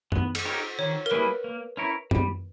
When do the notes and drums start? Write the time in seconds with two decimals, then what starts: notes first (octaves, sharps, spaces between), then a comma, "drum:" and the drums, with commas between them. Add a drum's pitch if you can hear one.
0.12 B3, drum: tom F#2
0.35 drum: cymbal
0.45 D#4 G4 A#4 C#5
0.79 D#3 C#5
1.06 A#4
1.11 G3 A#3 E4 G#4 B4
1.44 A#3
1.77 C#4 E4 A#4 C#5
2.11 G3, drum: tom F#2